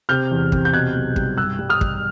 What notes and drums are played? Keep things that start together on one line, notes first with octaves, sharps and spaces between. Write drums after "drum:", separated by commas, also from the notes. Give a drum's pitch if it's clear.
C3 F6 G6
E2
C3, drum: kick
G6
B2 F#6 G#6
B1
G3, drum: kick
G2 E6 F#6
G3
D#6 F6
G3, drum: kick